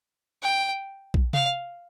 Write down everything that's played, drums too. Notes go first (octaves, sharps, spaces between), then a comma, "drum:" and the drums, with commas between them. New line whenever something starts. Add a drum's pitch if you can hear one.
G5
drum: kick A#1
F5, drum: tom C3